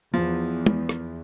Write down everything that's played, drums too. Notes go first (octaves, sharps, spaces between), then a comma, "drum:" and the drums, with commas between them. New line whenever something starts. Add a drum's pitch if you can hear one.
E2 F3
drum: tom
drum: rim click